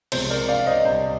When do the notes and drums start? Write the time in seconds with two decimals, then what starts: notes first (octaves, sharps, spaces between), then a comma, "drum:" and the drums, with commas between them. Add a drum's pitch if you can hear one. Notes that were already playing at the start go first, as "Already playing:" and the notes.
0.12 C2 C3 F3 G#3 C4 C5, drum: cymbal
0.30 A#4 D5
0.48 D5 F5
0.67 C5 D#5
0.85 C2 C3 G3 C5